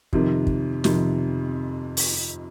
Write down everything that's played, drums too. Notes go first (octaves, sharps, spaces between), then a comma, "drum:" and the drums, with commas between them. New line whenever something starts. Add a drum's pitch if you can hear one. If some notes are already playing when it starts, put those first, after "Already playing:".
F2 C3 D#3, drum: kick
drum: kick
F2 C3 D#3, drum: snare
drum: open hi-hat